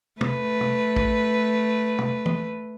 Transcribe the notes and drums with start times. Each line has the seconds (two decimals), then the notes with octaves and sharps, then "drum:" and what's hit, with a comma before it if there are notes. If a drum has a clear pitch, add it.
0.21 A3 B4, drum: tom
0.61 drum: tom
0.96 drum: kick A1
1.99 drum: tom
2.26 drum: tom